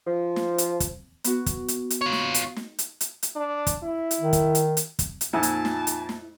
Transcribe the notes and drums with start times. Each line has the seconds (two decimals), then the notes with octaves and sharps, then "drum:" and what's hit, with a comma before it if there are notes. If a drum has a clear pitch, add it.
0.06 F3
0.36 drum: snare
0.58 drum: hi-hat
0.80 drum: kick, hi-hat
1.24 B3 F#4, drum: hi-hat
1.46 drum: kick, hi-hat
1.68 drum: hi-hat
1.90 drum: hi-hat
2.01 F4 C#5
2.12 drum: snare
2.34 drum: hi-hat
2.56 drum: snare
2.78 drum: hi-hat
3.01 drum: hi-hat
3.23 drum: hi-hat
3.36 D4
3.67 drum: kick, hi-hat
3.83 E4
4.11 drum: hi-hat
4.20 D#3
4.33 drum: kick, hi-hat
4.55 drum: hi-hat
4.77 drum: hi-hat
4.99 drum: kick, hi-hat
5.21 drum: hi-hat
5.33 F2 A#2 D#4 E4 F#5 G#5 A5
5.43 drum: hi-hat
5.65 drum: snare
5.87 drum: hi-hat
6.09 drum: snare